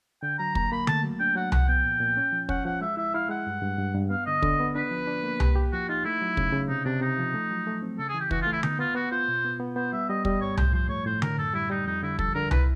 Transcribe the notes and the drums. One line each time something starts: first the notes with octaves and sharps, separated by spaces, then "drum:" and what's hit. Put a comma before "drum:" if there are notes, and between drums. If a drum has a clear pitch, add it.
D3 G5
F#3 A#5
A#3 A#5, drum: kick
A#3 B5
A3 A5, drum: tom D3
F#3
D4 G5
F#3 F#5
F3 F#5, drum: tom C2
B3 G5
A#2
A#2
C#4
F3
C#4 F#5, drum: kick
F3 F#5
G#3 E5
E4 E5
E4 F5
G#3 F#5
G2
G2
G2
G2
B3 F5
D3 D#5
D3, drum: kick
B3
D4 B4
F3
D4
A#3
G4, drum: tom C2
G4
F3 F#4
D#4 F4
A3 E4
F#3
C#3, drum: kick
C#3
C3 D#4
C3 D4
C3 D#4
F3
A3
F#3
A3
C4
C#3 A4
G#4
E3
G4
E3 F#4, drum: kick
F4
A3
E4
B3 D#4, drum: tom D3
B3 F4
B3 F#4
F4 C5
B2
B3
B3
B3 C5
G3 E5
G3 D#5
G3 D#5, drum: kick
G2 C#5
A2 C5, drum: tom C2
F3 C5
A3 C#5
A2 C5
D3 A#4, drum: tom D3
F#2 A4
G3 E4
G3 D#4
F2 D#4
D3 E4
F3 A4, drum: kick
D3 A#4
E4 B4, drum: tom C2